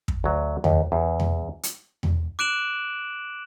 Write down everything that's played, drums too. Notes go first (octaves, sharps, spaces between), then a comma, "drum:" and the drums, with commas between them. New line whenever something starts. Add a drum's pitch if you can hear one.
drum: kick
D2 F#3
D#2, drum: tom E2
E2
drum: tom E2
drum: hi-hat
drum: tom E2
D6 F#6 D7 E7 F#7